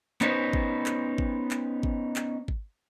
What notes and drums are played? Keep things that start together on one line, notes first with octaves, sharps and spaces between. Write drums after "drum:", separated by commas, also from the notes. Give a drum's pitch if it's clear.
B3 C#4 D#4 B4 C5, drum: clap
drum: kick G#1
drum: clap
drum: kick G#1
drum: clap
drum: kick G#1
drum: clap
drum: kick G#1